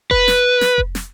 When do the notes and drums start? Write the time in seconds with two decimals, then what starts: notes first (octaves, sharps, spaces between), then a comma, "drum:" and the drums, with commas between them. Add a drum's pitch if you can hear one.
0.11 B4, drum: kick F1
0.28 drum: snare
0.61 drum: snare
0.78 drum: kick F1
0.95 drum: snare